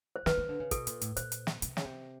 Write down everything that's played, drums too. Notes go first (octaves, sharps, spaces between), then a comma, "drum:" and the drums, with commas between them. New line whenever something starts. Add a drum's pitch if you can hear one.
C5
E3 B4, drum: snare
D#3
D3
C#3
B2 A4, drum: kick, hi-hat
A#2, drum: hi-hat
A2, drum: hi-hat
A#2 C5, drum: hi-hat
drum: hi-hat
drum: snare
C3, drum: hi-hat
C#3, drum: snare
C3